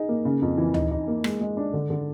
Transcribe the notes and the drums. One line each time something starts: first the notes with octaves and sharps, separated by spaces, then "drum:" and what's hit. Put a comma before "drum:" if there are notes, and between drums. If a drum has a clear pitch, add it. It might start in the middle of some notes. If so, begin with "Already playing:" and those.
Already playing: D#4 G#4
A#3
C#3
F2
E3
D#4, drum: tom D2
D#4
A#3
G#3, drum: rim click
G#3
D4
D3
D3